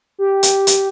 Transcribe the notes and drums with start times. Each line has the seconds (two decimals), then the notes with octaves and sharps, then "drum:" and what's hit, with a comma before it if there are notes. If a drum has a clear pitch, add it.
0.18 G4
0.43 drum: hi-hat
0.67 drum: hi-hat